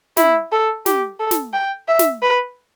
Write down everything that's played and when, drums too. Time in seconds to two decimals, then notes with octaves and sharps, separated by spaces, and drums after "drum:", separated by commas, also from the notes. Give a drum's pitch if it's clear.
0.17 E4, drum: snare
0.52 A4
0.86 G4, drum: snare
1.20 A4
1.31 drum: snare
1.53 G5
1.88 E5
1.99 drum: snare
2.22 B4